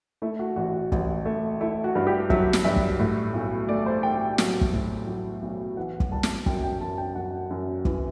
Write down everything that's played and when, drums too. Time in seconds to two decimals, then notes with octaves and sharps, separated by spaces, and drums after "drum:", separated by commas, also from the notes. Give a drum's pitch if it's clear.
0.22 A3 E4
0.39 F#4
0.56 A1 F#4
0.74 F#4
0.92 A1, drum: kick
1.25 A3
1.61 A3 E4
1.84 F#4
1.95 G2
2.07 G4
2.30 F#3 E5, drum: kick
2.53 drum: snare
2.64 G2 E5
2.76 drum: kick
2.99 A2
3.34 B1
3.69 A3 D5
3.86 C5
4.03 A3 G5
4.21 G5
4.38 F#3, drum: snare
4.61 drum: kick
4.73 A2
5.07 F#3
5.42 B1
5.77 E3 F#5
6.00 drum: kick
6.12 G3 A5
6.23 drum: snare
6.46 F#2 G5, drum: kick
6.64 G5
6.81 F#2 A5
6.98 G5
7.15 F#2 F#5
7.51 F#2
7.85 E3, drum: kick